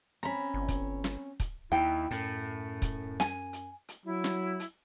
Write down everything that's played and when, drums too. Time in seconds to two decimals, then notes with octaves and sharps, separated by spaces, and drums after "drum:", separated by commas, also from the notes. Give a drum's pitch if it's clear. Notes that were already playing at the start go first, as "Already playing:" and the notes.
0.23 C4 C#4 A#5 B5
0.54 G1
0.68 drum: kick, hi-hat
1.04 drum: snare
1.40 drum: kick, hi-hat
1.72 D#2 E4 G5
2.11 F#2 A2, drum: hi-hat
2.82 drum: kick, hi-hat
3.20 G#5, drum: snare
3.53 drum: hi-hat
3.89 drum: hi-hat
4.06 F#3 E4
4.24 drum: snare
4.60 drum: hi-hat